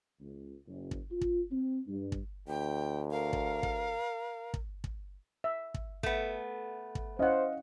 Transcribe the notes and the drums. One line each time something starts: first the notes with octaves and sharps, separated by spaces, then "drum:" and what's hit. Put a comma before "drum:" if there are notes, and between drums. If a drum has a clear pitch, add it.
C#2
F#1
drum: kick
F4
drum: kick
C4
G2
drum: kick
D2 G5
A#4 F5
drum: kick
drum: kick
drum: kick
drum: kick
E5
drum: kick
A3 B3, drum: kick
drum: kick
C#4 E4 C5 D#5 F5 F#5